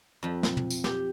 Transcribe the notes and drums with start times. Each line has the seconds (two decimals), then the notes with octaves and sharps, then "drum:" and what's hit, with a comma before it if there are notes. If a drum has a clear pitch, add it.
0.23 F2 F3
0.43 drum: snare
0.57 drum: tom
0.70 drum: tambourine
0.84 G4, drum: snare